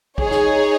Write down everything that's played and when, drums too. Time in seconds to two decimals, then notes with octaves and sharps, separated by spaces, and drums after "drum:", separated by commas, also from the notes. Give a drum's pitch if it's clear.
0.18 D#4 G#4 C#5, drum: kick
0.31 drum: snare